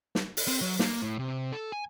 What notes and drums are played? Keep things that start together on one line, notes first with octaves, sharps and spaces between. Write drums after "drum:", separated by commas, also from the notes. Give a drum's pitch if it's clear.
drum: snare
drum: open hi-hat
C4
F#3
A#3, drum: snare
A2
C3
A4
G#5